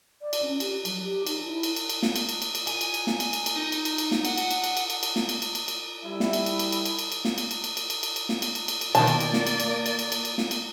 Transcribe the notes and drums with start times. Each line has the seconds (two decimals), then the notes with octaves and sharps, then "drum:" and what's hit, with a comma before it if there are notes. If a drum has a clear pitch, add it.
0.22 D5
0.33 drum: cymbal
0.42 C#4
0.60 G4, drum: cymbal
0.85 F#3, drum: cymbal
1.03 G4
1.27 D#4, drum: cymbal
1.43 E4
1.63 drum: cymbal
1.76 drum: cymbal
1.89 drum: cymbal
2.03 drum: snare
2.16 drum: cymbal
2.29 drum: cymbal
2.42 drum: cymbal
2.55 drum: cymbal
2.67 G#5, drum: cymbal
2.81 drum: cymbal
2.94 drum: cymbal
3.07 drum: snare
3.20 drum: cymbal
3.33 drum: cymbal
3.46 drum: cymbal
3.56 D#4
3.72 drum: cymbal
3.85 drum: cymbal
3.98 drum: cymbal
4.11 drum: snare
4.25 F#5, drum: cymbal
4.37 drum: cymbal
4.51 drum: cymbal
4.64 drum: cymbal
4.77 drum: cymbal
4.90 drum: cymbal
5.03 drum: cymbal
5.16 drum: snare
5.29 drum: cymbal
5.42 drum: cymbal
5.55 drum: cymbal
5.68 drum: cymbal
6.02 G3 E4
6.20 drum: snare
6.33 drum: cymbal
6.46 drum: cymbal
6.59 drum: cymbal
6.72 drum: cymbal
6.85 drum: cymbal
6.99 drum: cymbal
7.12 drum: cymbal
7.25 drum: snare
7.38 drum: cymbal
7.51 drum: cymbal
7.64 drum: cymbal
7.77 drum: cymbal
7.90 drum: cymbal
8.03 drum: cymbal
8.16 drum: cymbal
8.29 drum: snare
8.42 drum: cymbal
8.55 drum: cymbal
8.68 drum: cymbal
8.81 drum: cymbal
8.95 B2 D#3 A#3 D5 A5, drum: cymbal
9.07 drum: cymbal
9.20 drum: cymbal
9.33 drum: snare
9.47 drum: cymbal
9.60 drum: cymbal
9.86 drum: cymbal
9.99 drum: cymbal
10.12 drum: cymbal
10.25 drum: cymbal
10.38 drum: snare
10.51 drum: cymbal